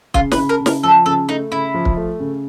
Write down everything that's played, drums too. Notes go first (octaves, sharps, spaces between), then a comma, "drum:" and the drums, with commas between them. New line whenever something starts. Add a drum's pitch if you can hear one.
C#3 F4, drum: kick
B4, drum: snare
C#3
A#4
C#3
A#4, drum: snare
F3 A4
C#3 A4
A3 D#4
C#3 E4
F3
drum: kick
A3
C#3